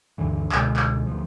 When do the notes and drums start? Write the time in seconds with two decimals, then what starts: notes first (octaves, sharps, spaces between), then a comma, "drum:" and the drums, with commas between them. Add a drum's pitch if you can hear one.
0.18 D2 G2 D3 E3
0.52 C#2 B2 D3 G#3, drum: clap
0.76 drum: clap
1.06 D2 F3